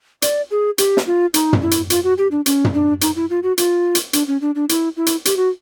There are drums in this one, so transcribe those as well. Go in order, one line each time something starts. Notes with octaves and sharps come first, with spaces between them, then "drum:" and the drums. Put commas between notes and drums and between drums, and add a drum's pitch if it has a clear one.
D5, drum: hi-hat
G#4
G4, drum: hi-hat
drum: snare
F4
D#4, drum: hi-hat
drum: tom
E4
drum: hi-hat
F4, drum: hi-hat
F#4
G4
D4
C#4, drum: hi-hat
drum: tom
D4
D#4, drum: hi-hat
E4
F4
F#4
F4, drum: hi-hat
drum: hi-hat
D4, drum: hi-hat
C#4
D4
D4
E4, drum: hi-hat
E4
drum: hi-hat
G4, drum: hi-hat
F#4